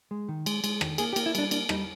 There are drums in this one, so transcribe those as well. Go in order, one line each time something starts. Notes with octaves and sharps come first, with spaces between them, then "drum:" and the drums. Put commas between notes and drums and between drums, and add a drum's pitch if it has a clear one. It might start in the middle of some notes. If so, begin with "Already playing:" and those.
G#3
D#3
G#3, drum: cymbal
G#3, drum: cymbal
D#3, drum: rim click
A#3 G#4, drum: cymbal
G4
A#3, drum: cymbal
E4
G3 D4, drum: cymbal
A#3 D4, drum: cymbal
G3 D#4, drum: rim click